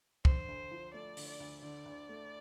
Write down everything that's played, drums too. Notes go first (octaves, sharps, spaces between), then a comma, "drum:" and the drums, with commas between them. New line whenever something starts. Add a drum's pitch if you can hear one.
D3 C5, drum: kick
D2
F3
A3 D5
D3, drum: open hi-hat
D5
D2
D3 D5
D2
A3